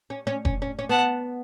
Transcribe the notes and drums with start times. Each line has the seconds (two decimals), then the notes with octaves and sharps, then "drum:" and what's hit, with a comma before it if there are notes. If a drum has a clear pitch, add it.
0.10 C#4
0.27 C#4
0.45 C#4, drum: kick F1
0.62 C#4
0.79 C#4
0.89 B3 F#5 A5